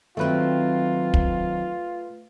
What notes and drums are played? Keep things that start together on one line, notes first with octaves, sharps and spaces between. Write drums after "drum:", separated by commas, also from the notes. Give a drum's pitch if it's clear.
D#3 F#3 A3 C4 F4 B4
drum: kick